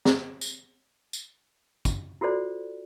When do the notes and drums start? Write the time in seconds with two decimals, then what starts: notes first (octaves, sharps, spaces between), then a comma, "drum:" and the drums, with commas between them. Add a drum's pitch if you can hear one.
0.05 drum: snare
0.41 drum: tambourine
1.13 drum: tambourine
1.85 drum: kick, tambourine
2.21 F4 F#4 A4 C5 D5